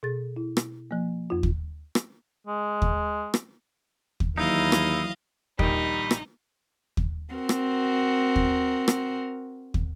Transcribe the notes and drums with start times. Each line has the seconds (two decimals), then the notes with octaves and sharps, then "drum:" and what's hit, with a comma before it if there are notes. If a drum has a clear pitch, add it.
0.03 B2 G#4 A6
0.36 E4
0.57 drum: rim click
0.91 F3 A#3
1.30 F2 F4
1.43 drum: kick
1.95 drum: rim click
2.47 G#3
2.82 drum: kick
3.34 drum: rim click
4.20 drum: kick
4.37 D#2 E3 F#3 D#4 E4 D#5 F5
4.72 drum: rim click
5.59 A#1 D#3 G3 D#4 G4 D#5 B5, drum: kick
6.11 drum: rim click
6.97 drum: kick
7.34 C4 F#4 A#4
7.49 drum: rim click
8.36 drum: kick
8.88 drum: rim click
9.74 drum: kick